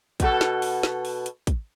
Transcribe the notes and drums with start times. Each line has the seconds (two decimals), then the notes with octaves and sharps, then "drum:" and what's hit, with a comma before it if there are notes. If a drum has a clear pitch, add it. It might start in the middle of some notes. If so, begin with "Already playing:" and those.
0.20 B2 F#4 A4, drum: kick, hi-hat
0.41 drum: snare
0.62 drum: open hi-hat
0.83 drum: snare
1.05 drum: open hi-hat
1.26 drum: hi-hat
1.47 drum: kick, hi-hat